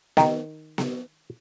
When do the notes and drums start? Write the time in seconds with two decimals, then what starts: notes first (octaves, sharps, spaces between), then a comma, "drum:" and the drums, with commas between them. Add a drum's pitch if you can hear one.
0.17 D#3, drum: snare B3
0.78 drum: snare B3